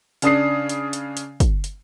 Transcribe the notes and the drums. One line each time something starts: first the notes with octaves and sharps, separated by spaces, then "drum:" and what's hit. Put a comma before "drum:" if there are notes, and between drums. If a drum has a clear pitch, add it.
C#3 D4 D#6 C7, drum: hi-hat
drum: hi-hat
drum: hi-hat
drum: hi-hat
drum: kick, hi-hat
drum: hi-hat